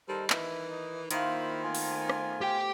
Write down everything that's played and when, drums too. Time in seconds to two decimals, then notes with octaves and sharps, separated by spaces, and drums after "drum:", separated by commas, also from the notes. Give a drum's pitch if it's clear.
0.08 D#3 G3 A4 A#4 C5
0.30 E3 E4, drum: clap
0.69 D#4
1.11 D#3 A#3 E4 F4 C5 B5, drum: hi-hat
1.63 A3 B3 C4 F4 G#5
1.75 drum: open hi-hat
2.10 drum: rim click
2.41 G4 G5